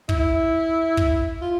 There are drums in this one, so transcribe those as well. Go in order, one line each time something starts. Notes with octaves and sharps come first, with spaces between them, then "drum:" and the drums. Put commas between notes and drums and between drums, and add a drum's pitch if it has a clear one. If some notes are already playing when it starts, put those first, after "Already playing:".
E4, drum: kick
drum: kick
F4